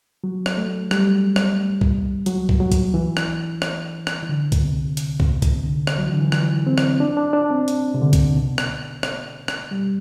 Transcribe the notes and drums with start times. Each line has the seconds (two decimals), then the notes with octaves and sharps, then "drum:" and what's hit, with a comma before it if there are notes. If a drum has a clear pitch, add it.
0.24 F#3
0.46 drum: rim click
0.57 A3
0.91 G3, drum: rim click
1.36 drum: rim click
1.81 drum: kick
2.26 F#3, drum: hi-hat
2.49 drum: kick
2.60 F#3
2.72 drum: kick, hi-hat
2.94 E3
3.17 drum: rim click
3.62 drum: rim click
4.07 drum: rim click
4.22 E3
4.29 D3
4.52 drum: kick, hi-hat
4.64 C3
4.97 drum: hi-hat
5.20 drum: kick
5.42 drum: kick, hi-hat
5.53 C3
5.65 D3
5.87 drum: rim click
5.98 F#3
6.06 E3
6.13 D3
6.21 E3
6.32 E3, drum: rim click
6.67 C4
6.78 drum: rim click
7.00 D4
7.17 D4
7.33 D4
7.51 C4
7.68 drum: hi-hat
7.95 C3
8.01 D3
8.13 drum: kick, hi-hat
8.36 B2
8.58 drum: rim click
9.03 drum: rim click
9.48 drum: rim click
9.71 G3